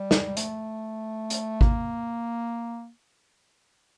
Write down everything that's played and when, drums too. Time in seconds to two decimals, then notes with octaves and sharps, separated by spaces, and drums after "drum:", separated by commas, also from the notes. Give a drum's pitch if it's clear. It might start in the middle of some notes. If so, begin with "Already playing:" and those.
Already playing: G3
0.11 drum: snare
0.37 A3, drum: hi-hat
1.30 drum: hi-hat
1.61 A#3, drum: kick G#1